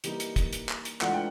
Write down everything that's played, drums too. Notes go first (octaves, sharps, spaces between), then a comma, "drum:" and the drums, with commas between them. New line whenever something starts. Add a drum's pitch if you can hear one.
E3 G3 A#3 D#4, drum: hi-hat
drum: hi-hat
drum: kick, hi-hat
drum: hi-hat
drum: clap
drum: hi-hat
G#2 E3 A3 D4 F4 F#5, drum: clap
G5